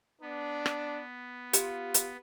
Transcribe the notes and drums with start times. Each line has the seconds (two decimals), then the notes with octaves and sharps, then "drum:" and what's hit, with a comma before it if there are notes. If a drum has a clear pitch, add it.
0.21 B3 D4
0.66 drum: rim click
1.53 F4 G4, drum: hi-hat
1.94 drum: hi-hat